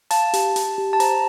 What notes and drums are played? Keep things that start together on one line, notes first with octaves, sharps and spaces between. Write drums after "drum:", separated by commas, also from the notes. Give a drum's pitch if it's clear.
F5 A5, drum: hi-hat
G4, drum: hi-hat
G4, drum: hi-hat
G4
A5
C5 A#5, drum: hi-hat